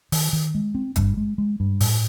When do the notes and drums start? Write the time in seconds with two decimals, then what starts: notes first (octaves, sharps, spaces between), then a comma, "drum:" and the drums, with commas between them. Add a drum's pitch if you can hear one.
0.12 D#3, drum: open hi-hat
0.33 D#3
0.55 G#3
0.75 C4
0.96 G2, drum: kick, hi-hat
1.17 G#3
1.38 G#3
1.60 G2
1.80 A2, drum: open hi-hat